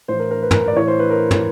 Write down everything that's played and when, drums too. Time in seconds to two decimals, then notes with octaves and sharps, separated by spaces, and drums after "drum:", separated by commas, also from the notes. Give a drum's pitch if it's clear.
0.08 A2 E3 C5
0.19 A#4
0.31 A#4
0.42 B4
0.51 A#4, drum: tom
0.68 D5
0.76 A2 E3 C#5
0.88 C5
0.99 B4
1.10 A#4
1.31 drum: tom